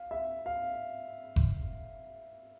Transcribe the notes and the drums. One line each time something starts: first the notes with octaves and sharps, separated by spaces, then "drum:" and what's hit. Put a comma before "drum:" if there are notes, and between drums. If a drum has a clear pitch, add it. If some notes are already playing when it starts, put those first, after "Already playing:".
Already playing: F5
E5
F5
drum: kick F#1